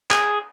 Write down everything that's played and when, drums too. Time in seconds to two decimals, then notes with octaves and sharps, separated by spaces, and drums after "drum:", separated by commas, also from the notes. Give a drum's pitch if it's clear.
0.11 G#4, drum: clap